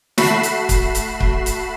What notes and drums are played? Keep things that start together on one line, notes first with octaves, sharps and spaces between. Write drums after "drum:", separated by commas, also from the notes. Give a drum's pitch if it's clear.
A3 F#4 B5 C7 E7, drum: snare
drum: hi-hat
drum: kick C#1, hi-hat
drum: hi-hat
drum: kick C#1
drum: hi-hat